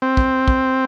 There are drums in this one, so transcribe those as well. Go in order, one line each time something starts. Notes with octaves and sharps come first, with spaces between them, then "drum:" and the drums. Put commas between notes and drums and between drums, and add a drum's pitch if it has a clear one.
C4
drum: kick
drum: kick